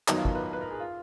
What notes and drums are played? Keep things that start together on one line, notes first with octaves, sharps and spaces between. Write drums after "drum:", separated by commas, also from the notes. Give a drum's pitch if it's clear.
D#3 F#3 B3 D#4 F#4, drum: clap
F4
A#4, drum: kick
B4
B4
A#4
G#4
F4